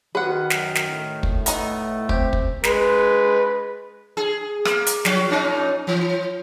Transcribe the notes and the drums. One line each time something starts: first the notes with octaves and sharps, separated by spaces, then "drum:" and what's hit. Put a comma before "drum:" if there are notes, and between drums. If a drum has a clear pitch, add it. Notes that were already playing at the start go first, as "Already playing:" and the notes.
D#3 F#4 B4 F#5
F#2, drum: snare
drum: snare
A2
drum: kick
A3 B3 D#4 D#5, drum: hi-hat
C4 G4, drum: kick
drum: kick
G#3 B4, drum: snare
G#4
A#3, drum: rim click
drum: hi-hat
F3 F#4, drum: snare
A#2 C#4 D#4
E3